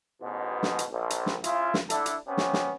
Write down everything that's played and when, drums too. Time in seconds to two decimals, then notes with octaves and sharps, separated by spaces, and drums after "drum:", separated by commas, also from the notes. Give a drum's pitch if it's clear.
0.22 A1 G#2 B2
0.63 drum: snare
0.79 drum: hi-hat
0.91 A#1
1.10 drum: hi-hat
1.26 drum: snare
1.44 C#3 E4 F4, drum: hi-hat
1.74 drum: snare
1.90 D3 A3 D4 E4 A4, drum: hi-hat
2.06 drum: hi-hat
2.28 C3 B3 C#4
2.37 drum: snare
2.53 drum: snare